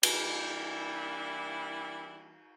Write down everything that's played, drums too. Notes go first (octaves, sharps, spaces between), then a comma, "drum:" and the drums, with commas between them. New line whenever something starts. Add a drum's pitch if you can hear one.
E3 G3 A#3 D4 E4, drum: cymbal